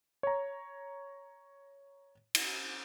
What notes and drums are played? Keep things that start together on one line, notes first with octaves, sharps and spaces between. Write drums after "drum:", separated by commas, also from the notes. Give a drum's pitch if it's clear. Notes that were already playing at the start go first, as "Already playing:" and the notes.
C#5 A#5
drum: cymbal